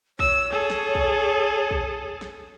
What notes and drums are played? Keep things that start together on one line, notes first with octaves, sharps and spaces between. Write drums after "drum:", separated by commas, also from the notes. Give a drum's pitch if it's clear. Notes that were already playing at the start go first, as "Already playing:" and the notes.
C#5 E6, drum: kick
G#4 A4
drum: snare
drum: kick
drum: kick
drum: snare